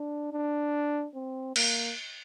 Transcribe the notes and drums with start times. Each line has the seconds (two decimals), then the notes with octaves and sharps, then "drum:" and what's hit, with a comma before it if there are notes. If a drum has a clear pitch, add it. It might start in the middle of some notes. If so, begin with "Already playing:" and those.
Already playing: D4
0.33 D4
1.15 C4
1.56 A#3, drum: cymbal